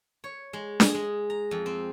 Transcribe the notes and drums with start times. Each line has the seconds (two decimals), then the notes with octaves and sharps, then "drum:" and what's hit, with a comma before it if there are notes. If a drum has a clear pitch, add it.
0.24 C#5
0.53 G#3
0.80 G#4, drum: snare D4
0.94 G#3
1.30 A#5
1.51 F2
1.66 C4